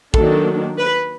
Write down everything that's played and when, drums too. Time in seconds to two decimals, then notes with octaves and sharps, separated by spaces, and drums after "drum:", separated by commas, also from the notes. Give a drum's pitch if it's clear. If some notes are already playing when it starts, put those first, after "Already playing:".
0.14 D#3 F#3 A#3 D4 A4, drum: kick
0.79 B4